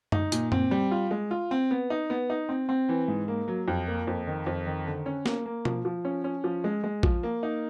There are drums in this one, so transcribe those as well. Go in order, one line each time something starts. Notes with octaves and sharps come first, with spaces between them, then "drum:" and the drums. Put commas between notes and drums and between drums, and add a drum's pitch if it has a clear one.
D#4, drum: tom F#2
A#2, drum: hi-hat
C4, drum: tom F#2
G3
F4
G#3
F4
C4
B3
D#4
B3
D#4
C4
C4
E3
G#2
A#3
F#3
F2
A#3
F2
D#3
F2
D#3
D3
C#4
A#3, drum: snare
A#3
F3, drum: tom B2
F3
C#4
C#4
F3
G#3
G#3
F3, drum: kick A#1
A#3
D#4